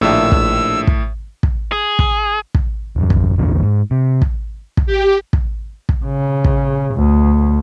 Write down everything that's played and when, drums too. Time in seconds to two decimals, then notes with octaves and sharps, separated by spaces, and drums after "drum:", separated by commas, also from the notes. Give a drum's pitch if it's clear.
0.01 A#1 A2 D#3 D4 E5 E6
0.32 drum: kick
0.87 drum: kick
1.43 drum: kick
1.72 G#4
1.99 drum: kick
2.55 drum: kick
2.96 D#1 F#2
3.10 drum: kick
3.38 A#1 E2 A#2 D3
3.63 G#2
3.91 C3
4.22 drum: kick
4.77 drum: kick
4.86 G4
5.33 drum: kick
5.89 drum: kick
6.06 C#3
6.44 drum: kick
6.95 D2